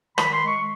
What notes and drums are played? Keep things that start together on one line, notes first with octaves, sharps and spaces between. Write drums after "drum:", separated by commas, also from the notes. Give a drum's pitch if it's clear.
D#3 B5, drum: rim click
C6
G#3
C#6